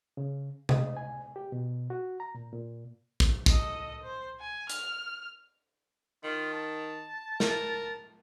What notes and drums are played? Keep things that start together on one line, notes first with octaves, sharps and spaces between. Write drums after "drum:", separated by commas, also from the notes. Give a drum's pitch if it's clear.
C#3
D#5, drum: tom C3
G#5
G4
B2
F#4
A#5
A#2
A#2
drum: kick
A4 D#5, drum: kick
C5
G#5
F6, drum: hi-hat
D#3 F4
A5
A#4, drum: snare